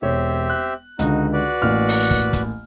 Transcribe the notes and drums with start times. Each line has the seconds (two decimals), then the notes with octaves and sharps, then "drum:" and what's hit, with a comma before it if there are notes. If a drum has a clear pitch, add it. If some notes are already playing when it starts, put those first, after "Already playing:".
0.02 E1 C4 G4 C#5 E5
0.50 F#6
0.99 C#2 D3 D#4 F#4, drum: hi-hat
1.33 F#4 B4 D5
1.62 A1 A#3 F6
1.88 drum: open hi-hat
2.11 drum: kick
2.33 drum: kick, hi-hat